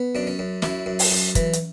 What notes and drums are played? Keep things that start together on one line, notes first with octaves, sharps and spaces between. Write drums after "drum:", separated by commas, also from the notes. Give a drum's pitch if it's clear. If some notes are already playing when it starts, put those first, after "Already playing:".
Already playing: B3
F#2 D4
C#4
F#2
F#2 C#4 E4, drum: snare
F#2
drum: open hi-hat
F#2
E3, drum: kick, hi-hat
drum: hi-hat